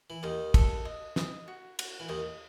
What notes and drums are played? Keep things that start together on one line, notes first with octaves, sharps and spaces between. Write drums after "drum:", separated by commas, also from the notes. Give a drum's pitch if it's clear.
E3
D#2 D#3 D#5
A4, drum: kick, cymbal
D#5
D#5, drum: snare
F#4
F#4, drum: cymbal
E3
D#2 D#3 D#5